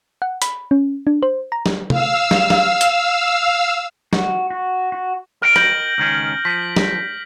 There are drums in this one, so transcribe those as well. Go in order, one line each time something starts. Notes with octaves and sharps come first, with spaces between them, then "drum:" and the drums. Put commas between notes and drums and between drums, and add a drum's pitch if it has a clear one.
F#5
B5, drum: hi-hat
C#4
D4
C5
A#5
drum: snare
F5 E6, drum: tom
drum: snare
drum: snare
drum: hi-hat
F#4, drum: snare
F#4
F#4
A#4 D#5 G5 F6 D7
G6 A#6 F#7, drum: rim click
C#2 D#3 C#4
F3 B6
drum: snare